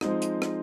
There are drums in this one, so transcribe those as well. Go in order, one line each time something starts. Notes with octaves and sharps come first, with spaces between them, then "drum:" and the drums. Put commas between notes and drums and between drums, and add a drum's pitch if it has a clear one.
F3 G#3 C4 D#4, drum: rim click
drum: hi-hat
drum: rim click